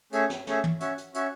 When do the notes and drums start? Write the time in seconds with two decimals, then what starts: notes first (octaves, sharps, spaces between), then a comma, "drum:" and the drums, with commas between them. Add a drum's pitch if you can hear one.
0.12 A3 C#4 G#4 C#5 E5, drum: hi-hat
0.30 drum: snare
0.47 A3 C#4 G#4 C#5 E5, drum: snare
0.64 drum: tom
0.80 C#4 F#4 C#5 E5, drum: hi-hat
0.98 drum: hi-hat
1.14 C#4 F#4 C#5 E5, drum: hi-hat